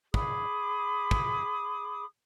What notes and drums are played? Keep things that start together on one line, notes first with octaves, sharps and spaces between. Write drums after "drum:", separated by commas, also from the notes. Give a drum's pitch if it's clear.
G#4 B5 D6 D#6, drum: kick
drum: kick